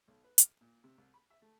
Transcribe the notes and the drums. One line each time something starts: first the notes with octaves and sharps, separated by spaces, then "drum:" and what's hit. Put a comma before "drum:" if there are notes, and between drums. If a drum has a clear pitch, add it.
B1
B4
F6, drum: hi-hat
A#2
C3
C2
B5
E5
A3